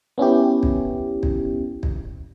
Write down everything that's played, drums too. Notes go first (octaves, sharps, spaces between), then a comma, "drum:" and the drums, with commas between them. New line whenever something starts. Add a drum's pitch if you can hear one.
B3 C#4 E4 G4
drum: kick
drum: kick
drum: kick